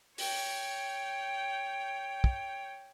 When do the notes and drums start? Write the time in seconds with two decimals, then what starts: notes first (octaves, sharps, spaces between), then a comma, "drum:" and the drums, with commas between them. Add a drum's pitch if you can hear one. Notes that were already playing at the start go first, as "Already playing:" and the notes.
0.18 C#5 G5, drum: open hi-hat
2.24 drum: kick